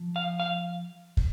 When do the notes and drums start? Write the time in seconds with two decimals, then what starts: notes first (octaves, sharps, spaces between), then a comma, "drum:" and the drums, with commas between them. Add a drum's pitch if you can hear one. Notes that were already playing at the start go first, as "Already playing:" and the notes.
Already playing: F3
0.16 F5
0.40 F5
1.17 drum: kick